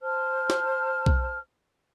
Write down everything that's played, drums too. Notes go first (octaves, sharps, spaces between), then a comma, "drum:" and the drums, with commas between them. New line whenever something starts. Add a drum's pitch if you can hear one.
C5 A5 F6
drum: snare
drum: kick B1